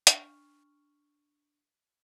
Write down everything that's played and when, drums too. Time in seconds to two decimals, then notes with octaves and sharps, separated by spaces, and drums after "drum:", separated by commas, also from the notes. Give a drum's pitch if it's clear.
0.07 D4 C#6 F6, drum: hi-hat